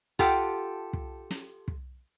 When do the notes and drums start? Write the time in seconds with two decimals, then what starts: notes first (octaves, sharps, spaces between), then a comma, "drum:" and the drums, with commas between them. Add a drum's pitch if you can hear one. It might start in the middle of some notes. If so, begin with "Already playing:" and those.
0.19 F4 G4 A4 F#5 G5, drum: kick
0.93 drum: kick
1.31 drum: snare
1.68 drum: kick